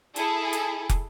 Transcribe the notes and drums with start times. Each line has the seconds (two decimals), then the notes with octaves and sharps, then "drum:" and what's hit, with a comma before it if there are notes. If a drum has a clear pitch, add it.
0.16 E4 G#4 A4, drum: hi-hat
0.53 drum: hi-hat
0.89 drum: kick, hi-hat